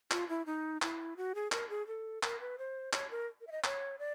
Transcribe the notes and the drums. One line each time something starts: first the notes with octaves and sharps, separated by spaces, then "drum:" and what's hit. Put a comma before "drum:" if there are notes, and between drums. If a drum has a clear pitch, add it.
F4, drum: clap
E4
D#4
E4, drum: clap
F#4
G#4
A#4, drum: clap
G#4
A4
A#4, drum: clap
B4
C5
C#5, drum: clap
A#4
A#4
E5
D#5
C#5, drum: clap
D5